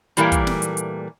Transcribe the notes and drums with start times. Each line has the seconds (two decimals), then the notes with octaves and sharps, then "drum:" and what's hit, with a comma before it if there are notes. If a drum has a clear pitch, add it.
0.17 A#2 E3 G3 A3 A#3, drum: hi-hat
0.32 drum: kick, hi-hat
0.47 drum: snare
0.62 drum: hi-hat
0.77 drum: hi-hat